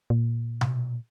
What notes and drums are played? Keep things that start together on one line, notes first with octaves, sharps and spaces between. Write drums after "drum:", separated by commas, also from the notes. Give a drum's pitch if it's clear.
A#2
drum: tom B2